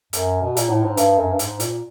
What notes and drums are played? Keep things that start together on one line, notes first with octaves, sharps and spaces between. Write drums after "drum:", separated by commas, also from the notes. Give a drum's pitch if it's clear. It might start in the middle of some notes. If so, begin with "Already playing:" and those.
F#2, drum: hi-hat
B2
A#2, drum: hi-hat
A2
G#2
G2, drum: hi-hat
F#2
G2
G#2, drum: hi-hat
A#2, drum: hi-hat